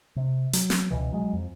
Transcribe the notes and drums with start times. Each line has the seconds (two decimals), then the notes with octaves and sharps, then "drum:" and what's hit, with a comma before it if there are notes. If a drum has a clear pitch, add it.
0.16 C3
0.53 F#3, drum: hi-hat
0.70 drum: snare
0.91 C#2 B2 E3
1.12 F#3 G#3
1.33 F2